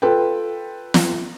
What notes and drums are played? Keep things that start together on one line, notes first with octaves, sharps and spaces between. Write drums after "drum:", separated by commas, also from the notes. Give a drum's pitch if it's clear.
F4 A4 B4 G5
drum: snare